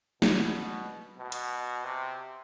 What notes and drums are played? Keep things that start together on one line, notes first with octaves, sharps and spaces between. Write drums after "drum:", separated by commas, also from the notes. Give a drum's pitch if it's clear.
B2, drum: snare
B2
drum: hi-hat
C3